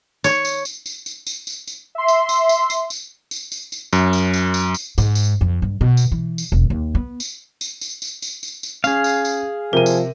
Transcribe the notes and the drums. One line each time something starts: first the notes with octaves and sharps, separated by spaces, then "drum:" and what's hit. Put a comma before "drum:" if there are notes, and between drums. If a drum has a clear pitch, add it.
C#5, drum: tambourine
drum: tambourine
drum: tambourine
drum: tambourine
drum: tambourine
drum: tambourine
drum: tambourine
drum: tambourine
E5 C6
drum: tambourine
drum: tambourine
drum: tambourine
drum: tambourine
drum: tambourine
drum: tambourine
drum: tambourine
drum: tambourine
F#2, drum: tambourine
drum: tambourine
drum: tambourine
drum: tambourine
drum: tambourine
G#2, drum: tambourine
drum: tambourine
F2
G2
B2
drum: tambourine
E3
drum: tambourine
E1
D#2
B3
drum: tambourine
drum: tambourine
drum: tambourine
drum: tambourine
drum: tambourine
drum: tambourine
drum: tambourine
C#4 G#4 F5, drum: tambourine
drum: tambourine
drum: tambourine
C3 F3 A#4 D#7
drum: tambourine